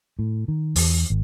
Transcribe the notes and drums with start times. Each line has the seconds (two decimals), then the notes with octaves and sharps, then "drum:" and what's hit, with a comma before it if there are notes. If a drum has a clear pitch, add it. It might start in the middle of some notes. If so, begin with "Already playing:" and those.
0.19 A2
0.48 D#3
0.76 E2, drum: open hi-hat
1.10 G#1